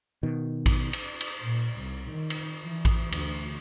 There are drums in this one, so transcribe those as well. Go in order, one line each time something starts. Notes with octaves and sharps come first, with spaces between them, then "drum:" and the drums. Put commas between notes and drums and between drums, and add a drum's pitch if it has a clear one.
B2 D#3
drum: kick A1, cymbal
drum: cymbal
drum: cymbal
A#2
C2
D#3
drum: cymbal
E3
drum: kick A1, cymbal
D2, drum: cymbal